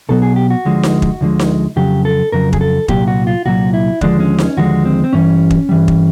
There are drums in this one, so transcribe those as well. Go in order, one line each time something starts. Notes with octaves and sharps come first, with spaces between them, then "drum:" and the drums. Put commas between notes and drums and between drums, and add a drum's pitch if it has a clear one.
B1 B2 F#3 A4
G#4
G4
F#4
D2 D3 F3 G#3
drum: snare D#4
drum: kick
D2 D3 F3 G#3
drum: snare D#4
F2 C#3 F#3 G4
A4
F2 C#3 F#3 A#4
G#4, drum: kick
A4
C2 A#2 F#3 G4, drum: kick
F#4
F4
C2 A#2 F#3 F#4
E4
D#2 D3 F3 G#3 D4, drum: kick
C#4
C#4, drum: snare D#4
D#2 D3 F3 G#3 F#4
C4
C4
G2 E3 G3 C#4
drum: kick
G2 E3 G3
drum: kick